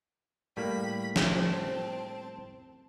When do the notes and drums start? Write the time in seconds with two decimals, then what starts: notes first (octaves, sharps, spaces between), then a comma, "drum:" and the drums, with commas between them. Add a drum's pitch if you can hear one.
0.57 A2 G3 A#3 B5 B6
1.16 drum: snare
1.31 C4 A5